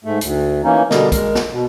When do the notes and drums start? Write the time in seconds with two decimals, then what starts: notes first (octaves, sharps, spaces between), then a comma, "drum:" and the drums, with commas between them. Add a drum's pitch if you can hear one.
0.04 G#2 A3
0.21 D2, drum: hi-hat
0.64 E3 A#3 C#4 D#4
0.91 B2 D3 G3 A#4 D#5, drum: snare
1.12 G#3 A#4, drum: kick, hi-hat
1.35 drum: snare
1.52 B2